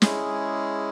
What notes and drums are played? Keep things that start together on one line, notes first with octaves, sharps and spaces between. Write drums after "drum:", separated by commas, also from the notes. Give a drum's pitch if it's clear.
G#3 C#4 E4 G#4, drum: snare